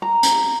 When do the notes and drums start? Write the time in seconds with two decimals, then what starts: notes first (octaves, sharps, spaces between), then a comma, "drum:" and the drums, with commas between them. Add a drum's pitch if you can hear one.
0.02 A#5
0.23 drum: hi-hat